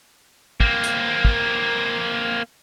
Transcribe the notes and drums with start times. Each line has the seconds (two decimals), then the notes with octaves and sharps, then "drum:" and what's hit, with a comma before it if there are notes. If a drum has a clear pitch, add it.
0.60 A#3 C4, drum: kick
0.83 drum: hi-hat
1.25 drum: kick